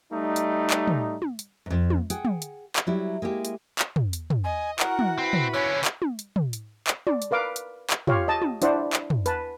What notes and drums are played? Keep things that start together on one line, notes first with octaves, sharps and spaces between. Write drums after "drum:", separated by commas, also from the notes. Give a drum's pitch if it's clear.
G3 A3 D#4
drum: hi-hat
drum: clap
drum: tom
drum: tom
drum: hi-hat
F2 G#2
drum: tom
G#4 F#5 G5, drum: hi-hat
drum: tom
drum: hi-hat
drum: clap
F#3 G3 E4
G#3 A#3 E4 G4
drum: hi-hat
drum: clap
drum: tom
drum: hi-hat
drum: tom
D#5 G#5
E4 F#4 A#4 F#5, drum: clap
drum: tom
C4 B4
drum: tom
D3 C#4 C#5
drum: clap
drum: tom
drum: hi-hat
drum: tom
drum: hi-hat
drum: clap
D5, drum: tom
drum: hi-hat
A#4 B4 F5 D6
drum: hi-hat
drum: clap
F4 G4 C#5 F5, drum: tom
D#5 A5
drum: tom
D4 E4 C5 D5 F#5, drum: hi-hat
drum: clap
drum: tom
B4 A5, drum: hi-hat